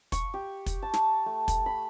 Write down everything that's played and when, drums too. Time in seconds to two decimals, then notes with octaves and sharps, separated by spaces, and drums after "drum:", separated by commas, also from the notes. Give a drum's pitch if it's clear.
0.12 C#6, drum: kick, hi-hat
0.34 G4
0.66 drum: kick, hi-hat
0.82 A5
0.94 drum: snare
1.26 A3
1.48 drum: kick, hi-hat
1.66 B5